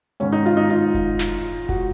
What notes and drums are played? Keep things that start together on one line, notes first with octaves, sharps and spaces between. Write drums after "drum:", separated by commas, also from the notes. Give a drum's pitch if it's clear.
G#2 D#3 C#4, drum: hi-hat
D#4
F4, drum: hi-hat
D#4
F4, drum: hi-hat
drum: kick F1, hi-hat
drum: snare
F#4, drum: kick F1, hi-hat